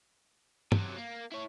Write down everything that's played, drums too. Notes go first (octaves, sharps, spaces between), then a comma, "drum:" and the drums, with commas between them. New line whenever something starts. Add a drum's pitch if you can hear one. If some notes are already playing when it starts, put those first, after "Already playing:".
C3 F#3, drum: tom
A#3
E4 C#5